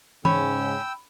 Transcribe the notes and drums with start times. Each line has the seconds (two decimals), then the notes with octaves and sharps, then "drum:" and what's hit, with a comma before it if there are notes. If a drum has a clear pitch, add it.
0.25 G#2 C#3 C#4 G5 B5 E6, drum: tom E3